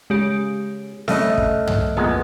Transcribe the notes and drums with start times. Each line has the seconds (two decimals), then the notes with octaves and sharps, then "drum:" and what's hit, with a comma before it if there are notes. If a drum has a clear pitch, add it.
0.10 C#3 G#3 G4
1.08 C#3 A3 D#5 E5 F6 F#6, drum: snare C4
1.38 drum: kick
1.67 drum: tom
1.97 F2 A#2 G#3 B3